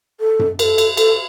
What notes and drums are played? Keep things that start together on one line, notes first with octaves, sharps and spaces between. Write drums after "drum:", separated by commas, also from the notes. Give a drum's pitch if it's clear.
A4
drum: tom F#2
A#4, drum: cymbal
A4
drum: cymbal
A4, drum: cymbal